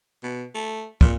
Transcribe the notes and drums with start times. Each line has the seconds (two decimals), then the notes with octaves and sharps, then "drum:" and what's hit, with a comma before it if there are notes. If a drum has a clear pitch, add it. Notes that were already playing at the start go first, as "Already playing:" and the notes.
0.23 B2
0.54 A3
1.01 A#2, drum: kick